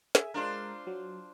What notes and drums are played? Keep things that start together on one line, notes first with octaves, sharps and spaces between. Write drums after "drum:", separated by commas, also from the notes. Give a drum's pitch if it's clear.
G#4 E5 G#5, drum: snare
G#3 D4 F4 A#4 C5
F#3